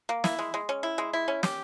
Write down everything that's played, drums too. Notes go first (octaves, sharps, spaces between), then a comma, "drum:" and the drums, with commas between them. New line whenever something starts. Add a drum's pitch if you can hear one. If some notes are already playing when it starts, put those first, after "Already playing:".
A#3
E4, drum: snare
G#3
G#3
C#4
E4
G#3
E4
C#4
G4, drum: snare